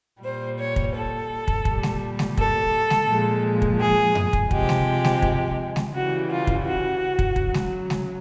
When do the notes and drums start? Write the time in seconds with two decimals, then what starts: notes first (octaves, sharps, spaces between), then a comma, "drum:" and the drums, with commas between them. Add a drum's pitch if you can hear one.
0.22 A#2 G3 C5
0.58 C#5
0.76 drum: kick
0.93 A4
1.48 drum: kick
1.65 A#2 G3, drum: kick
1.83 drum: snare G#3
2.19 drum: snare G#3
2.37 A4, drum: kick
2.90 drum: snare G#3
3.08 A#2 F3 G#3
3.62 drum: kick
3.79 G#4
4.15 drum: tom F2
4.33 drum: kick
4.51 C3 F3 G#3 G4, drum: kick
4.69 drum: snare G#3
5.04 drum: snare G#3
5.22 drum: kick
5.76 drum: snare G#3
5.94 C#3 E3 G3 F#4
6.29 F4
6.47 drum: kick
6.65 F#4
7.19 drum: kick
7.36 C#3 F#3, drum: kick
7.54 drum: snare G#3
7.90 drum: snare G#3